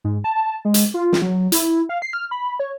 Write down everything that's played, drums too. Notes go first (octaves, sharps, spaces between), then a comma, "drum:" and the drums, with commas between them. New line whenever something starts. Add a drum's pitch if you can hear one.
G#2
A5
G#3
drum: hi-hat
F4
drum: snare
F#3
E4, drum: hi-hat
F5
C7
F6
B5
C#5